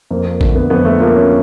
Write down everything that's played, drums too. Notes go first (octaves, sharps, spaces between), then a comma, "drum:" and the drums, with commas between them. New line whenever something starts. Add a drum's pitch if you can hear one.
F2 A#3
A#3
D3 A3, drum: kick A1
B3
F2 B3
A3
F3 A#3
C#4